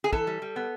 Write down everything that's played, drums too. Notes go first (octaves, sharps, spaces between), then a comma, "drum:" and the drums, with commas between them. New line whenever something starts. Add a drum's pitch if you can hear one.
G#4
E3 A4, drum: kick
G3
G3
B3